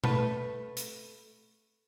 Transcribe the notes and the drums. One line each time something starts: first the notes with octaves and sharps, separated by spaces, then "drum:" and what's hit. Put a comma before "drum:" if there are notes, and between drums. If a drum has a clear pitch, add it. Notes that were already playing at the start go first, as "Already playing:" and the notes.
A3 B4, drum: tom B2
drum: hi-hat